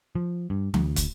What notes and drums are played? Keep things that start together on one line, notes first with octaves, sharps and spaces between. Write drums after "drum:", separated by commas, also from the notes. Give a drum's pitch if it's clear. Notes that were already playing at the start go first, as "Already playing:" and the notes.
F3
G2
D2, drum: tom E3
drum: kick, hi-hat